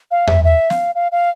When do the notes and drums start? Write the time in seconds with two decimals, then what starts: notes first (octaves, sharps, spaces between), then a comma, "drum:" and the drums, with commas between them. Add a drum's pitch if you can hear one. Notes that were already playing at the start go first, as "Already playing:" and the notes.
0.11 F5
0.27 E5, drum: tom E2
0.44 E5
0.70 F5, drum: snare
0.95 F5
1.12 F5